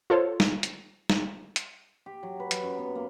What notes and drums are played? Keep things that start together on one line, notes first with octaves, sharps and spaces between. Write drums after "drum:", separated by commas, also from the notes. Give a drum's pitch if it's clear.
F4 A4 C5 C#5
drum: snare
drum: hi-hat
drum: snare
drum: hi-hat
G4
F#3
B4
F#3, drum: hi-hat
F#2
B3
A#3